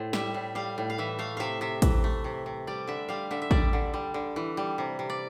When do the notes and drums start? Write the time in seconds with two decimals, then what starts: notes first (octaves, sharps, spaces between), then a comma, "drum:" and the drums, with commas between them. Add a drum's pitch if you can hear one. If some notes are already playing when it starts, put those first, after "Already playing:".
Already playing: A2 C5
0.13 G3 E5, drum: snare
0.34 A2
0.55 G3 F5
0.78 A2
0.90 F5
0.98 E3 E5
1.19 A3 F5
1.37 C3 E5 F5
1.61 C3 E5
1.82 E3, drum: kick, hi-hat
2.04 A3
2.24 C3
2.46 C3
2.67 G3 D5
2.87 D3 E5
3.09 G3 F5
3.31 D3 E5
3.42 E5
3.51 G3 D5, drum: kick
3.73 D3
3.94 G3
4.14 D3
4.36 E3
4.57 G3
4.78 C3
4.99 C3
5.10 D5